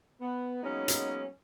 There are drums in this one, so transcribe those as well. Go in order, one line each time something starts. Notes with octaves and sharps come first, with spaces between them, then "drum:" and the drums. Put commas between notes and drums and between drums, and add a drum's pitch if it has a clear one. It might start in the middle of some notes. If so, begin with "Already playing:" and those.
B3
F#3 G#3 A#3 B3 C#4 D#4
drum: hi-hat